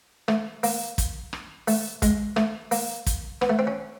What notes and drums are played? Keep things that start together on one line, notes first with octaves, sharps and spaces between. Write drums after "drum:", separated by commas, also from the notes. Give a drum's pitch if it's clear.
A3, drum: rim click
A#3, drum: open hi-hat
drum: kick, hi-hat
drum: rim click
A3, drum: open hi-hat
G#3, drum: kick, hi-hat
A3, drum: rim click
A#3, drum: open hi-hat
drum: kick, hi-hat
B3, drum: rim click
A3
C4
C#4